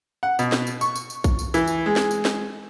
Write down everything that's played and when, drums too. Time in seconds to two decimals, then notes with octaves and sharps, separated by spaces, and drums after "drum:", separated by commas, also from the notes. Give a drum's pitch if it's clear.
0.23 F#5
0.39 B2, drum: tambourine
0.52 drum: snare
0.67 drum: tambourine
0.81 C#6, drum: tambourine
0.96 drum: tambourine
1.10 drum: tambourine
1.24 drum: kick, tambourine
1.39 drum: tambourine
1.54 E3, drum: tambourine
1.68 drum: tambourine
1.86 G#3
1.96 drum: snare
2.11 drum: tambourine
2.25 drum: snare